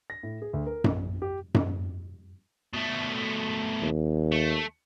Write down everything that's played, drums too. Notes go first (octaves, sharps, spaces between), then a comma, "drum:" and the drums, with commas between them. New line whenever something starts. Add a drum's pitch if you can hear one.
A#6
A2
G#4
D2
A#4
A#1, drum: tom F#2
G4
drum: tom F#2
B2 A3
D#2
A3